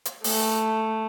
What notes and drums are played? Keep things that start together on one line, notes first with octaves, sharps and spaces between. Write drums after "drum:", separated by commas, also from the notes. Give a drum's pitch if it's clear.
drum: hi-hat
A3, drum: open hi-hat